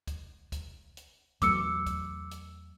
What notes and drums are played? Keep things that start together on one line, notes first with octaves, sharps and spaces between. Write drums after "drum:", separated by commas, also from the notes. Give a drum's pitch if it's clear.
drum: kick, hi-hat
drum: kick, hi-hat
drum: hi-hat
E2 F#3 A3 D6 E6 C#7, drum: kick, hi-hat
drum: kick, hi-hat
drum: hi-hat